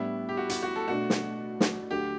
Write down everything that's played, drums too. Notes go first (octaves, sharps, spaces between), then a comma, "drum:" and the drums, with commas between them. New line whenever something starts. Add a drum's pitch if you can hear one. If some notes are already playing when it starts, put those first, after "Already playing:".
Already playing: A2 G3 B3 D4 E4
G4
F#4
F#4, drum: hi-hat
F#4
A4
B2 A3 D4 F#4
drum: snare
drum: snare
D2 D3 F#3 A3 G4